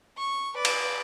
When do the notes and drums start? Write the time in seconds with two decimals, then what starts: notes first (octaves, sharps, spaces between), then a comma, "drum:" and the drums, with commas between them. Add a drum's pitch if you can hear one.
0.18 C#6
0.55 B4 D5
0.65 drum: cymbal